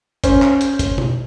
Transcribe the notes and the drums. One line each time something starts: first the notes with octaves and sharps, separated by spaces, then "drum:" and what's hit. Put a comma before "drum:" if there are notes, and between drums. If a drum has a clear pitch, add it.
C#4 C5, drum: kick G1, hi-hat
drum: clap
drum: hi-hat
drum: kick G1, hi-hat
drum: tom B2